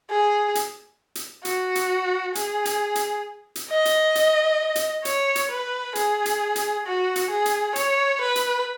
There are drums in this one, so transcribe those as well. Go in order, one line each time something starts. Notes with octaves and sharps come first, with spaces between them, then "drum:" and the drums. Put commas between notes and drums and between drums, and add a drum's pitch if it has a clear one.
G#4
drum: hi-hat
drum: hi-hat
F#4, drum: hi-hat
drum: hi-hat
G#4, drum: hi-hat
drum: hi-hat
drum: hi-hat
drum: hi-hat
D#5
drum: hi-hat
drum: hi-hat
drum: hi-hat
C#5, drum: hi-hat
drum: hi-hat
B4
G#4, drum: hi-hat
drum: hi-hat
drum: hi-hat
F#4
drum: hi-hat
G#4
drum: hi-hat
C#5, drum: hi-hat
B4
drum: hi-hat